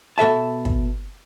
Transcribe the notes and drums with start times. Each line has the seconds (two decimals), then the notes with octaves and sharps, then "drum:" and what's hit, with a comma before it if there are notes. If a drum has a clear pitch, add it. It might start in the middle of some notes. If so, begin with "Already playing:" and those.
0.18 B2 A4 E5 A5
0.65 drum: kick